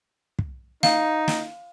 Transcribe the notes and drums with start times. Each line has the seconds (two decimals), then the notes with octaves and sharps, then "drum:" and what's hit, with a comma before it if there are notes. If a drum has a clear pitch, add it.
0.39 drum: kick
0.83 D#4 F5, drum: snare
1.28 drum: snare